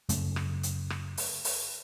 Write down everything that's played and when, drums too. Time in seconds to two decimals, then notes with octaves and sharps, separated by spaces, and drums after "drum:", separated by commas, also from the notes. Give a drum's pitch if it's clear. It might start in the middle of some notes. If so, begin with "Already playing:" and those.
0.09 F#2 C#3 A3, drum: hi-hat
0.36 drum: rim click
0.63 drum: hi-hat
0.90 drum: rim click
1.17 drum: open hi-hat
1.45 drum: open hi-hat